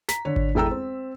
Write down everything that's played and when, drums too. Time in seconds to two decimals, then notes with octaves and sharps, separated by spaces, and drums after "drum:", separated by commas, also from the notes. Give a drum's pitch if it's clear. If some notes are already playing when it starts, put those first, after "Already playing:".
0.09 A#5 B6, drum: snare
0.25 D3 C#5
0.36 drum: kick G#1
0.55 E1 E4 A4 G5 A#5 E6
0.71 C4